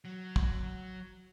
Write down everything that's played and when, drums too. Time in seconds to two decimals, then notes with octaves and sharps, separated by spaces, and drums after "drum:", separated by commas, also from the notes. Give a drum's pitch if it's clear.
0.05 F#3
0.36 drum: kick